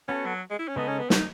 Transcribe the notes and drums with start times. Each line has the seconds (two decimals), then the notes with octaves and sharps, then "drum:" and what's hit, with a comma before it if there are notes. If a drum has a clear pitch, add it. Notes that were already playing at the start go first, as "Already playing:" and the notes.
0.08 B3 C#4 F#4 A4
0.26 F#3
0.50 G#3
0.59 E4
0.68 C#4
0.76 C#3 G#3 B3 D#4 A4 D#5
0.88 C#4
0.99 B3
1.10 D#4, drum: snare